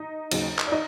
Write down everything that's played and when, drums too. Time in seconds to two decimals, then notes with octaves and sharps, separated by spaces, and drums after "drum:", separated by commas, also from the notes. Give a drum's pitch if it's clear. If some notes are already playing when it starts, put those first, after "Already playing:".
Already playing: D#4 D#5
0.31 D#2 C#3 F#3, drum: cymbal
0.58 drum: clap
0.67 D5
0.72 D#4 D#5